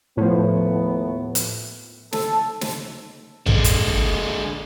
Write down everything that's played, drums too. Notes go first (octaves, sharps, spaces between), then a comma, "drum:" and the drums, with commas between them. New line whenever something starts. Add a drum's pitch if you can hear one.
D#2 A2 F3 A3 B3
drum: hi-hat
A4, drum: snare
drum: snare
D3 G#3, drum: tom A1
drum: hi-hat
drum: kick